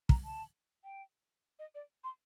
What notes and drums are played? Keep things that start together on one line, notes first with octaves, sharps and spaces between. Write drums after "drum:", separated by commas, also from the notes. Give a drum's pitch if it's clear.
A#5, drum: kick
A5
G5
D#5
D5
C6